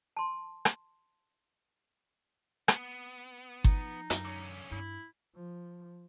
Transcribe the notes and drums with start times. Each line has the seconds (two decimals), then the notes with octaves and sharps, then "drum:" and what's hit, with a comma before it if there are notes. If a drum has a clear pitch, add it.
0.16 A5 C6
0.65 drum: rim click
2.68 B3, drum: rim click
3.64 F3 D#4, drum: kick G1
4.10 F#2, drum: hi-hat
4.25 D3 C#4
4.72 G2 E4
5.35 F3